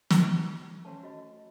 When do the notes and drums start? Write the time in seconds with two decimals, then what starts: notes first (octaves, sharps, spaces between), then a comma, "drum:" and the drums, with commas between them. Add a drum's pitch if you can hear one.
0.10 drum: snare
0.85 A3 C#4 C5 F#5 A5
1.03 F#4 D#5 B5